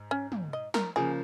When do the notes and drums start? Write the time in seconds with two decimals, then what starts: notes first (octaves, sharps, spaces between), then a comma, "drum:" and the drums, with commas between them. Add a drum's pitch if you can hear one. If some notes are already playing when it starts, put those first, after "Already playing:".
Already playing: G#2
0.11 C#4
0.32 drum: tom
0.53 D#5
0.74 A#4, drum: snare
0.96 C#3 F3 A#3 G#4